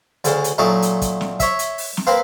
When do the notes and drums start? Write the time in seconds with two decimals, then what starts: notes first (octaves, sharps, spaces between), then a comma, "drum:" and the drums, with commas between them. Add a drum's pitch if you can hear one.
0.24 D2 C#3, drum: hi-hat
0.44 drum: hi-hat
0.58 A#2 F#3 A3 D#4
0.82 drum: hi-hat
1.02 drum: kick, hi-hat
1.21 drum: snare
1.40 C#5 E5, drum: kick, hi-hat
1.59 drum: hi-hat
1.78 drum: open hi-hat
1.97 drum: snare
2.07 A#3 C4 B4